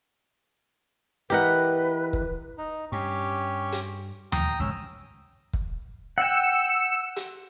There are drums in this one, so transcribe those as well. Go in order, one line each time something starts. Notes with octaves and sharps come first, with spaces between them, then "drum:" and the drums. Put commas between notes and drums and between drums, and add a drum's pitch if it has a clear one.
E3 G4 A#4 B4 D#5 F#5
drum: kick
D#4
G2 C#4 G4 C#6
drum: hi-hat
G5 A#5 D#6, drum: tom D#2
G#1 C#2 F#2 C#4 E6
drum: kick
F#5 G5 E6 C#7 E7
drum: hi-hat